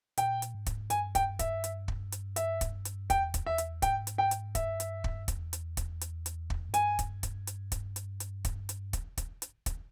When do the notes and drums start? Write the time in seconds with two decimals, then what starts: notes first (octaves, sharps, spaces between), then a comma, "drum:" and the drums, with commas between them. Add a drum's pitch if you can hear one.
0.17 A#2 G5, drum: hi-hat
0.42 drum: hi-hat
0.55 G#2
0.66 drum: kick, hi-hat
0.90 G2 G#5, drum: hi-hat
1.15 G5, drum: kick, hi-hat
1.39 E5, drum: kick, hi-hat
1.64 drum: hi-hat
1.88 drum: kick
2.12 drum: hi-hat
2.36 E5, drum: hi-hat
2.61 drum: kick, hi-hat
2.85 drum: hi-hat
3.10 E2 G5, drum: kick, hi-hat
3.34 drum: kick, hi-hat
3.46 E2 E5
3.58 drum: hi-hat
3.82 G#2 G5, drum: kick, hi-hat
4.07 drum: hi-hat
4.18 G5
4.31 drum: hi-hat
4.55 G2 E5, drum: kick, hi-hat
4.80 drum: hi-hat
5.04 drum: kick
5.28 E2, drum: kick, hi-hat
5.53 drum: hi-hat
5.77 drum: kick, hi-hat
6.01 drum: hi-hat
6.26 drum: hi-hat
6.50 drum: kick
6.69 G#2
6.74 G2 G#5, drum: hi-hat
6.99 drum: kick, hi-hat
7.23 drum: kick, hi-hat
7.47 drum: hi-hat
7.72 drum: kick, hi-hat
7.96 drum: hi-hat
8.20 drum: hi-hat
8.45 drum: kick, hi-hat
8.69 drum: hi-hat
8.93 drum: kick, hi-hat
9.17 drum: kick, hi-hat
9.42 drum: hi-hat
9.66 drum: kick, hi-hat